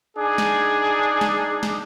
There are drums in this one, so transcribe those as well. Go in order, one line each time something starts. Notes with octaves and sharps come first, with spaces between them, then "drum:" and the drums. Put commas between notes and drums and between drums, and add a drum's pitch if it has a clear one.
D4 D#4 G#4
drum: snare
drum: snare
drum: snare